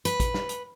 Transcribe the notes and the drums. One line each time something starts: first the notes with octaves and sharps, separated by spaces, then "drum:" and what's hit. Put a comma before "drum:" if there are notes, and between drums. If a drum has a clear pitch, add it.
B4, drum: hi-hat
drum: kick A1, hi-hat
drum: snare
drum: hi-hat